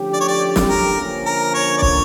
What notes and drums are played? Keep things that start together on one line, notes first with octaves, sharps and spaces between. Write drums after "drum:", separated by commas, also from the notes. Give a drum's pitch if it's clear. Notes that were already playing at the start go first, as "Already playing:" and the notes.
Already playing: D3 F3 A3 C#4 G4
D5
C#5
D5
drum: snare
A#4
D3 F3 A#3 C#4
A#4
C#5
D5
C#5, drum: kick